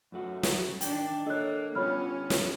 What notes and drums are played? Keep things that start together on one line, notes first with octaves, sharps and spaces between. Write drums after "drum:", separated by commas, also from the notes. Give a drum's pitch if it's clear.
F#2 A3 F#4
drum: snare
D#3 D4 G5, drum: hi-hat
A#3 A4 C#5 D#5 F#6
G3 B3 C#4 F4 C#5 B5 F6
drum: snare